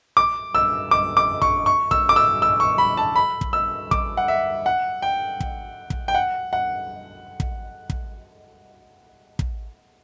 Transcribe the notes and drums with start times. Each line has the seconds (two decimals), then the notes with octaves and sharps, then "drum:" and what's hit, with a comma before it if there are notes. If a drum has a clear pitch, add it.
0.17 D6
0.55 E6
0.91 D6
1.17 D6
1.42 C#6, drum: kick
1.66 C#6
1.91 E6, drum: kick
2.09 D6
2.16 E6
2.42 E6
2.60 C#6
2.78 B5
2.97 A5
3.16 B5
3.41 drum: kick
3.53 E6
3.91 D6, drum: kick
4.17 F#5
4.28 E5
4.66 F#5
5.02 G5
5.40 drum: kick
5.90 drum: kick
6.08 G5
6.15 F#5
6.53 F#5
7.40 drum: kick
7.90 drum: kick
9.39 drum: kick